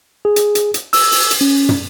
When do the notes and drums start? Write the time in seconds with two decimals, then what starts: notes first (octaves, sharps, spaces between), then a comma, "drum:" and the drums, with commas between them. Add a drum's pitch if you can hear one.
0.25 G#4
0.36 drum: hi-hat
0.55 drum: hi-hat
0.74 drum: hi-hat
0.93 E6, drum: open hi-hat
1.12 drum: open hi-hat
1.31 drum: hi-hat
1.41 C#4
1.69 drum: tom